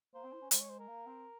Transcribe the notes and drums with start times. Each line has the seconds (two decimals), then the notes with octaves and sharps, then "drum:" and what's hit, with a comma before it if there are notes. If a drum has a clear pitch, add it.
0.14 A#3 C5
0.24 C4
0.33 E4
0.42 C#4
0.51 G#3 C5, drum: hi-hat
0.61 C#5
0.70 C5
0.79 A#4
0.88 A#3
1.07 C4